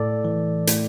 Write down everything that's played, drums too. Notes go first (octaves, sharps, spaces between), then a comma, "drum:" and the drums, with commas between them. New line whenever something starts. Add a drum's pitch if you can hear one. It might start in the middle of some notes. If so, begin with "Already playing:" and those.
Already playing: A2 A4 D5
E3
A2, drum: hi-hat